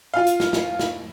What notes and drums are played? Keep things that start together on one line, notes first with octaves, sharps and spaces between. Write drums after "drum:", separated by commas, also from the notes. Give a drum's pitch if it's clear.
F4 F5
drum: hi-hat
drum: snare
drum: snare
drum: snare